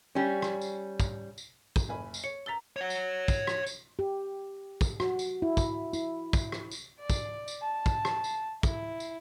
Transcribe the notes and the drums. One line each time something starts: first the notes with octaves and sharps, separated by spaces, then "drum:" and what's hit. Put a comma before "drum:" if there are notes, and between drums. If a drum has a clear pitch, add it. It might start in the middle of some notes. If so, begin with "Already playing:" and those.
G3 C#4
drum: rim click
drum: tambourine
drum: kick, tambourine
drum: tambourine
drum: kick, tambourine
F#1 G#5 B5
drum: tambourine
C#5 C#7
A#5 E6 A6 B6 G7
C#5 F#5
drum: tambourine
drum: kick, tambourine
drum: rim click
drum: tambourine
G4
drum: kick, tambourine
F#4, drum: rim click
drum: tambourine
E4
drum: kick, tambourine
E4, drum: tambourine
drum: kick, tambourine
drum: rim click
drum: tambourine
D5
drum: kick, tambourine
drum: tambourine
A5
drum: kick, tambourine
drum: rim click
drum: tambourine
E4, drum: kick, tambourine
drum: tambourine